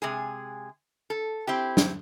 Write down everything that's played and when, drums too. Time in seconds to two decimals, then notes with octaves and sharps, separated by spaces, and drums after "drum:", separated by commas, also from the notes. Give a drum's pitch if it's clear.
0.02 C3 G#3 G#4
1.10 A4
1.47 C4 E4 G4
1.77 drum: snare